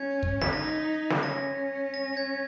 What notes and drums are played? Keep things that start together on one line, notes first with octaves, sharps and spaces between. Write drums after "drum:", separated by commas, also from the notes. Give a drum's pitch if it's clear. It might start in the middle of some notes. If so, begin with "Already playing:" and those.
Already playing: C#4 G#6
drum: kick
B6, drum: snare
D#4 A#6
drum: snare
C#4 A#6
A#6
G#6